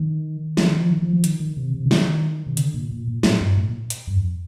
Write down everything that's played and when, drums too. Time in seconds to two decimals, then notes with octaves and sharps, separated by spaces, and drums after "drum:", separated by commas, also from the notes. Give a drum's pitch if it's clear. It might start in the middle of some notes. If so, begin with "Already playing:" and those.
Already playing: D#3
0.57 F3, drum: snare
0.68 D#3
0.79 F3
0.91 D#3
1.02 F3
1.13 F3
1.24 D#3, drum: hi-hat
1.40 D#3
1.57 C3
1.74 C3
1.85 D3
1.91 D#3, drum: snare
2.08 D#3
2.47 C3
2.57 D3, drum: hi-hat
2.74 A#2
2.91 A#2
3.07 A#2
3.23 A2, drum: snare
3.40 G2
3.57 A2
3.68 A#2
3.90 drum: hi-hat
4.07 G2
4.16 F2